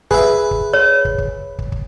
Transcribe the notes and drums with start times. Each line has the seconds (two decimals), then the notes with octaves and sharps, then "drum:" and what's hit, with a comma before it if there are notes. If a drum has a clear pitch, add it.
0.11 G#4 B4 E5, drum: kick
0.51 drum: kick
0.73 C#5
1.05 drum: kick
1.18 drum: kick
1.59 drum: kick
1.72 drum: kick